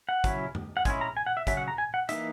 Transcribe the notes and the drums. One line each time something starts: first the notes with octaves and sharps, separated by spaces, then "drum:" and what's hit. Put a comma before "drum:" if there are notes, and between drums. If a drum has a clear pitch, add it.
F#5
C#3 F#3 C#4 E4, drum: kick, hi-hat
drum: tom F#2
F#5
G#3 C#4 E4 G#5, drum: kick, hi-hat
A#5
G#5
F#5
E5
C#3 F#3 C#4 E5, drum: kick, hi-hat
F#5
A#5
G#5
F#5
E3 A#3 D#4 E5, drum: hi-hat